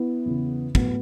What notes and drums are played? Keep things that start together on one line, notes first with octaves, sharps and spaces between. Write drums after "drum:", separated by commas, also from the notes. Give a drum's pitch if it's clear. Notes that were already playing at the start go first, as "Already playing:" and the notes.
Already playing: B3 E4
E2 C#3 E3
A2 F#3 B3, drum: kick